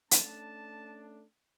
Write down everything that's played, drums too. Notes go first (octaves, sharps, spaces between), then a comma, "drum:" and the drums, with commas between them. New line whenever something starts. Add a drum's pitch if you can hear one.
A3 C#4 D4 A5, drum: hi-hat